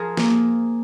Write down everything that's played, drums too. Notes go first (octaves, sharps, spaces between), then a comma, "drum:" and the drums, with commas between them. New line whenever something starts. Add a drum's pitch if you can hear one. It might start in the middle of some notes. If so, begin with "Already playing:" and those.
Already playing: F3 G#4 A#4
A#3, drum: snare